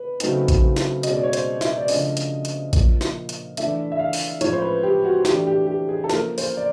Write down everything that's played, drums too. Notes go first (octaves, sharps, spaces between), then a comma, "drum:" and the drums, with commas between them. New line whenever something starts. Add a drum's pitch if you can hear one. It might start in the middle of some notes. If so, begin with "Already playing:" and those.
Already playing: B4
C#3 F#3 A3 C4 D#4, drum: hi-hat
drum: kick A#1, hi-hat
drum: snare
B2 G#3 C#4 D#5, drum: hi-hat
D5
C#5
C5, drum: hi-hat
E5, drum: snare
D5
C#3 F3 A3 D4 D#5, drum: open hi-hat
drum: hi-hat
drum: hi-hat
A#2 F3 A#3, drum: kick A#1, hi-hat
drum: snare
drum: hi-hat
E3 A3 D4 E5, drum: hi-hat
E5
F5
drum: open hi-hat
A2 F3 G#3 C#4 C#5, drum: hi-hat
C5
B4
G4
F#4
E3 A3 D4 G4, drum: snare
G4
G4
G#4
A4
F3 A#3 C#4 A#4, drum: snare
C5, drum: open hi-hat
D5